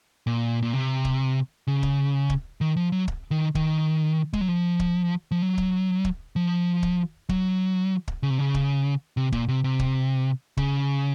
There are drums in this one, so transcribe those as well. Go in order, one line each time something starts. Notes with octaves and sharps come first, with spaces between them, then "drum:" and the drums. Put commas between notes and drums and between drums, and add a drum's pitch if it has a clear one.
A#2
A#2
C3
drum: kick
C#3
drum: kick
drum: kick
D#3
F3
F#3
drum: kick
D#3
D#3, drum: kick
G#3, drum: kick
F#3
F3
drum: kick
F3
F#3
drum: kick
drum: kick
F3
drum: kick
F#3, drum: kick
drum: kick
C#3
C3
C#3
drum: kick
C3
A#2, drum: kick
C3
C3
drum: kick
C#3, drum: kick